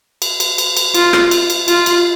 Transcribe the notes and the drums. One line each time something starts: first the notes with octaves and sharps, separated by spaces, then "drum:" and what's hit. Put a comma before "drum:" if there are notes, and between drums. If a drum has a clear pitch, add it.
drum: cymbal
drum: cymbal
drum: cymbal
drum: cymbal
F4, drum: cymbal
drum: rim click
drum: cymbal
drum: cymbal
F4, drum: cymbal
drum: cymbal